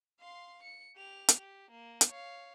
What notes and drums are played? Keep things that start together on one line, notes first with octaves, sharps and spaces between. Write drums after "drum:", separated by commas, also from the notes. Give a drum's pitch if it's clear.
F5 C6
C#7
G4 F7
drum: hi-hat
G4
A#3
drum: hi-hat
C#5 F5